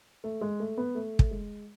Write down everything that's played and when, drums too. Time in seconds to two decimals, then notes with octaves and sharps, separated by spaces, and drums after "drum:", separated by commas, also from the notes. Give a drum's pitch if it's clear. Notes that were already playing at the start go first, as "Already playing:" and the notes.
0.24 A3
0.41 G#3
0.60 A3
0.77 B3
0.95 A3
1.19 drum: kick
1.31 G#3